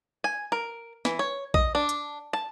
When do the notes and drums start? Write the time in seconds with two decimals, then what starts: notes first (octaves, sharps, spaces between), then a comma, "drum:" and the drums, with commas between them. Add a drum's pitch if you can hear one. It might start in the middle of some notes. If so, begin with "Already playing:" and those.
0.24 G#5
0.52 A#4
1.05 E3, drum: snare
1.19 C#5
1.54 D#5, drum: kick B1
1.75 D4
1.89 drum: hi-hat
2.33 A5